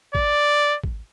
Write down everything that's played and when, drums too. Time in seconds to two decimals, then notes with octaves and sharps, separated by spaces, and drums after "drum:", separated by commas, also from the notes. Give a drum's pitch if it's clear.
0.15 D5, drum: kick A1
0.84 drum: kick A1